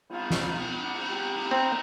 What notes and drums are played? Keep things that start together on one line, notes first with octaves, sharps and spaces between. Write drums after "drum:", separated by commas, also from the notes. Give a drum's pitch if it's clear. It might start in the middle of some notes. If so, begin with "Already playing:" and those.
F4, drum: cymbal
drum: snare
drum: cymbal
D4 F#5
drum: cymbal
G4
drum: cymbal
C4 A#5